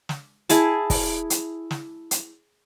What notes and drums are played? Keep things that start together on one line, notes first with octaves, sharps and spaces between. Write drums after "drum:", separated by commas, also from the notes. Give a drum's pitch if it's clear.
drum: snare
E4 G#4 A5, drum: hi-hat
drum: kick, open hi-hat
drum: hi-hat
drum: snare
drum: hi-hat